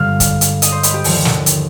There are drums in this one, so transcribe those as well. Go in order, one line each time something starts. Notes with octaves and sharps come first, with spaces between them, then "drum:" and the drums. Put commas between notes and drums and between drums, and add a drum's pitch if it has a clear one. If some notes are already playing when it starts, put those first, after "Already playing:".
Already playing: G1 G2 D3 G#3 F5
drum: kick, hi-hat
drum: hi-hat
D#5, drum: hi-hat
C5
B4, drum: hi-hat
G4
D#2 D3 F3, drum: open hi-hat
drum: snare
drum: hi-hat